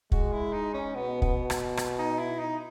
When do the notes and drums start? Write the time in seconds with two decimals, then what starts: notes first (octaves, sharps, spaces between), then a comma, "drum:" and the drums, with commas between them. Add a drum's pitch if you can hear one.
0.12 G#3 F#4, drum: kick
0.32 E4
0.53 D#4
0.74 C#4
0.94 B2 B3
1.22 B3, drum: kick
1.50 drum: rim click
1.77 drum: rim click
1.99 D#4
2.19 E4
2.40 D#4